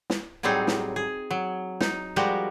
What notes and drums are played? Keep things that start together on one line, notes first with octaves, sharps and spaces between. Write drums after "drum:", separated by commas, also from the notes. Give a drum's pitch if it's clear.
drum: snare
A2 F#3 G3 C4 D#4 G#4
drum: snare
G#4
F#3
D#4, drum: snare
F3 G3 G#3 F#4 G4 A#4